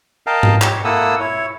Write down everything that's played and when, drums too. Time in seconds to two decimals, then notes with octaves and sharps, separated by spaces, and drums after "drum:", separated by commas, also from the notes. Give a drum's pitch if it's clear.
0.27 A#4 D#5 F5 G5 A5
0.43 drum: tom G#2
0.62 G4 C#5, drum: clap
0.84 A#3 E4 A4 F#5 D#6 E6
1.20 E4 C#5